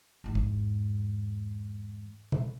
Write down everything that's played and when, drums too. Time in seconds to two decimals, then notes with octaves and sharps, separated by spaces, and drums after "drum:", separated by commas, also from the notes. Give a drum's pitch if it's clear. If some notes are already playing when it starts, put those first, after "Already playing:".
0.24 E2 G#2
0.35 drum: kick
2.32 drum: tom B2